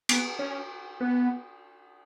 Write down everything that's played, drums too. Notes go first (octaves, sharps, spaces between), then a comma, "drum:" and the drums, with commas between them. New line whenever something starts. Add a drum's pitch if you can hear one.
B3, drum: cymbal
C#4
B3